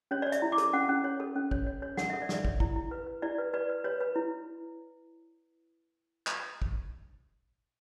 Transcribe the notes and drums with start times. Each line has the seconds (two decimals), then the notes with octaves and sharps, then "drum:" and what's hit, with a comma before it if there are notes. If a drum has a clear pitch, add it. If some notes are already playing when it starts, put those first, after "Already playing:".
0.11 C#4 C#5
0.22 C#5 D5
0.32 E5, drum: hi-hat
0.42 E4
0.52 D6
0.58 A4, drum: hi-hat
0.73 C#4 F#5
0.89 C#4
1.04 C#5
1.20 A4
1.35 C#4
1.51 C#5, drum: kick
1.66 C#5
1.82 C#5
1.97 A4 F#5, drum: snare
2.10 A4 E5
2.22 D5
2.29 A4 E5, drum: snare
2.45 C#5, drum: kick
2.60 E4, drum: kick
2.76 E4
2.91 B4
3.07 B4
3.22 E4 D5
3.38 B4
3.54 B4 D5
3.69 B4
3.84 B4 C#5
4.00 B4
4.16 E4
6.27 drum: clap
6.62 drum: kick